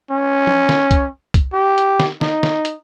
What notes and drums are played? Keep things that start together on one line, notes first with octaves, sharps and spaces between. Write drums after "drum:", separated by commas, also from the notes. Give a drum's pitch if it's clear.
C#4
drum: tom F3
drum: snare
drum: kick C2, hi-hat
drum: kick C2, hi-hat
G4
drum: hi-hat
drum: snare
D#4, drum: snare
drum: snare
drum: hi-hat